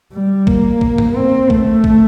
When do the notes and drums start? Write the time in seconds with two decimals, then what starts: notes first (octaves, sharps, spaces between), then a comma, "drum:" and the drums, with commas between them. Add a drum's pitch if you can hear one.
0.13 G3
0.47 A#3, drum: kick A1
0.81 drum: kick A1
0.98 drum: tom G2
1.16 C4
1.50 A3, drum: kick A1
1.84 drum: kick A1